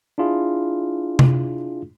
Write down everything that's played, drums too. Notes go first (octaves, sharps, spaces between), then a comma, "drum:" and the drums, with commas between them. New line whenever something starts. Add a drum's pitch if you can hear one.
D4 E4 F4 G#4
drum: tom C3